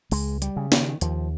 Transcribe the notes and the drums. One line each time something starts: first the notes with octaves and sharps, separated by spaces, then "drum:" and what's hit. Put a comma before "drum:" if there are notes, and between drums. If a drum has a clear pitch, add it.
C#2 G#3, drum: open hi-hat
G3, drum: hi-hat
C#3
D#3, drum: snare
D#2 F3, drum: hi-hat